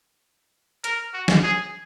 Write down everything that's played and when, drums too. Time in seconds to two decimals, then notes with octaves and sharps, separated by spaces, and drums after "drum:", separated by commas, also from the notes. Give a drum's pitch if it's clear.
0.84 A#4, drum: hi-hat
1.13 F#4
1.28 drum: snare
1.43 G#4